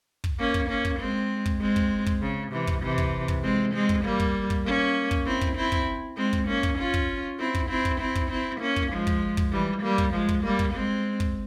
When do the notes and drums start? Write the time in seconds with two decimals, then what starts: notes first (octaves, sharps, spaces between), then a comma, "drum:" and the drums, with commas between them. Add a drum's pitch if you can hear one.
0.24 drum: kick
0.39 A#3 C#4
0.54 drum: kick
0.69 A#3 C#4
0.85 drum: kick
0.99 G#3 C4
1.46 drum: kick
1.61 G#3 C4
1.76 drum: kick
2.06 drum: kick
2.22 C#3
2.52 C3 E3
2.67 drum: kick
2.82 C3 E3
2.98 drum: kick
3.28 drum: kick
3.43 G#3 C4
3.74 G#3 C4
3.89 drum: kick
4.05 G3 A#3
4.20 drum: kick
4.50 drum: kick
4.65 A#3 C#4
5.11 drum: kick
5.26 C4 E4
5.41 drum: kick
5.56 C4 E4
5.72 drum: kick
6.17 G#3 C4
6.33 drum: kick
6.48 A#3 C#4
6.63 drum: kick
6.78 C#4 F4
6.94 drum: kick
7.39 C4 E4
7.55 drum: kick
7.70 C4 E4
7.85 drum: kick
8.00 C4 E4
8.15 drum: kick
8.30 C4 E4
8.61 A#3 C#4
8.76 drum: kick
8.91 F3 G#3
9.07 drum: kick
9.37 drum: kick
9.52 E3 G3
9.83 G3 A#3
9.98 drum: kick
10.13 F3 G#3
10.29 drum: kick
10.44 G3 A#3
10.59 drum: kick
10.74 G#3 C4
11.20 drum: kick